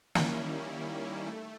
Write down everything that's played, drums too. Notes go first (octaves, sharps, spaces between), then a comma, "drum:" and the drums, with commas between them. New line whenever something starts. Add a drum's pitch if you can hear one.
D#3 G3 A#3 C#4 E4, drum: snare
A3